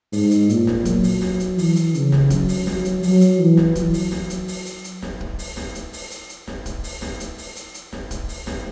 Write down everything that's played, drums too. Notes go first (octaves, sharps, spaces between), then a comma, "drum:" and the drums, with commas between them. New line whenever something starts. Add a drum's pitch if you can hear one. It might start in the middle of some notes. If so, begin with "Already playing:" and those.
G#2, drum: open hi-hat
drum: hi-hat
A#2, drum: hi-hat
drum: snare
F#3, drum: kick, hi-hat
drum: open hi-hat
drum: snare
drum: hi-hat
E3, drum: open hi-hat
drum: hi-hat
C#3, drum: hi-hat
drum: snare
F#3, drum: kick, hi-hat
drum: open hi-hat
F#3, drum: snare
drum: hi-hat
F#3, drum: open hi-hat
drum: hi-hat
E3
drum: snare
F#3, drum: kick, hi-hat
drum: open hi-hat
drum: snare
drum: hi-hat
drum: open hi-hat
drum: hi-hat
drum: hi-hat
drum: snare
drum: kick
drum: open hi-hat
drum: snare
drum: hi-hat
drum: open hi-hat
drum: hi-hat
drum: hi-hat
drum: snare
drum: kick, hi-hat
drum: open hi-hat
drum: snare
drum: hi-hat
drum: open hi-hat
drum: hi-hat
drum: hi-hat
drum: snare
drum: kick, hi-hat
drum: open hi-hat
drum: snare